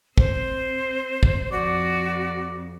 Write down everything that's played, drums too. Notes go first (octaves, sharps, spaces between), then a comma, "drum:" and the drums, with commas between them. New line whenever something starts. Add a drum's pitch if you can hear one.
C4 C5, drum: kick
drum: kick
F2 F#4 D5